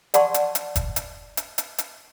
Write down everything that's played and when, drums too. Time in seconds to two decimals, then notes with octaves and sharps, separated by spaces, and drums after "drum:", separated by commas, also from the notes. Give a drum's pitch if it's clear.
0.14 D5 F#5 A5 C6 C#6, drum: hi-hat
0.34 drum: hi-hat
0.55 drum: hi-hat
0.76 drum: kick F1, hi-hat
0.96 drum: hi-hat
1.37 drum: hi-hat
1.58 drum: hi-hat
1.78 drum: hi-hat